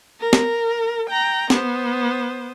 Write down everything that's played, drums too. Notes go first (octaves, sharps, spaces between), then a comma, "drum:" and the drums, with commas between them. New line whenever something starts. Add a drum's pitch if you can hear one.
A#4
drum: snare
G5 A#5
B3 C5, drum: snare